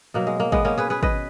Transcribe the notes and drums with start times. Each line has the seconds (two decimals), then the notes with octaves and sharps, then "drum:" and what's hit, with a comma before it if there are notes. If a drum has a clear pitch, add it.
0.14 B2 F#3 A#3
0.27 G#3
0.40 A#3
0.52 G#3 B3, drum: kick
0.65 A#3 C#4
0.78 G#4 B4
0.90 G#4 B4
1.03 B4 D#5, drum: kick